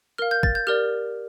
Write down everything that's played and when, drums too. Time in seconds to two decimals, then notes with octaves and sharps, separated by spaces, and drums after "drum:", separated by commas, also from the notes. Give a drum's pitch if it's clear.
0.18 A#4 F5 F6
0.31 G6
0.43 A6, drum: kick
0.55 G6
0.67 G4 A#4 D5 F6